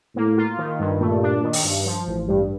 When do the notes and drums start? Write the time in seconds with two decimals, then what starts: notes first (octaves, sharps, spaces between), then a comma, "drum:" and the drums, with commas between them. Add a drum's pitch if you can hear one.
0.16 A2 A#3
0.37 F4
0.58 D#3
0.80 G2
1.01 A#2 A3
1.23 D4
1.43 D#3
1.53 drum: open hi-hat
1.64 G2
1.86 F3
2.07 A1
2.28 G2 G3